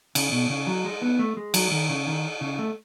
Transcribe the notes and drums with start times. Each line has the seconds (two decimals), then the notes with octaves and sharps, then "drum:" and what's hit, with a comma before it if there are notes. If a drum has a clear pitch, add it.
0.15 C#3, drum: cymbal
0.32 B2
0.50 C#3
0.67 F#3
0.84 G#3
1.02 B3
1.19 A3
1.37 G#3
1.54 F#3, drum: cymbal
1.71 D#3
1.89 C#3
2.07 D#3
2.41 C#3
2.59 A3